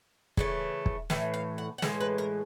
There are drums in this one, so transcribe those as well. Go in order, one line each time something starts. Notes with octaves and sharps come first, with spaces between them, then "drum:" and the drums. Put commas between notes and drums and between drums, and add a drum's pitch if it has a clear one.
C#3 E3 A3, drum: kick
drum: kick
A2 E3 E5, drum: snare
F5
F#5
F#5
A2 E3 G#3 F5, drum: snare
B4
A#4